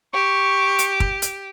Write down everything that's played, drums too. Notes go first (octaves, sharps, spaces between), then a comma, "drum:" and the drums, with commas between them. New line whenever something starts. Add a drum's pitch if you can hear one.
G4 C#6
drum: hi-hat
drum: kick
drum: hi-hat